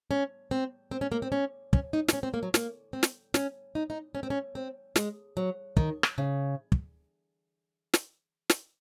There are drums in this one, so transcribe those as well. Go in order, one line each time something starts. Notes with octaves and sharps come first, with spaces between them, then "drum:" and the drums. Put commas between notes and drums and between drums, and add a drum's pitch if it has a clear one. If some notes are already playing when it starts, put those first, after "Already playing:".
C#4
C4
C4
C#4
A#3
C4
C#4
C#4, drum: kick
D#4
D#4, drum: snare
C#4
C4
A#3
F#3
A#3, drum: snare
C4
drum: snare
C#4, drum: snare
D#4
D#4
C#4
C4
C#4
C4
G#3, drum: snare
F#3
D#3, drum: kick
drum: rim click
C#3
drum: kick
drum: snare
drum: snare